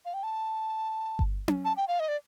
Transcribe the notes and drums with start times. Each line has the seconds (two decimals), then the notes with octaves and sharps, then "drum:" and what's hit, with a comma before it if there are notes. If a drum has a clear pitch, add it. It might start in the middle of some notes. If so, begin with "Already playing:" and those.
0.05 F5
0.14 G5
0.23 A5
1.19 drum: kick G1
1.48 drum: tom C#4
1.65 A5
1.77 G5
1.88 F5
2.00 D#5
2.08 D5